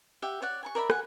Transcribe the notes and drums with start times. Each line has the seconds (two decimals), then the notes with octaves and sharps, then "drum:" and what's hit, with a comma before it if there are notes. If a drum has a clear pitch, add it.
0.22 G4 E5 F#5
0.42 C#5 D5 F#5
0.63 G#5 A#5 C#6
0.75 A#4 D5 E5 B5
0.90 F#5 G#5, drum: rim click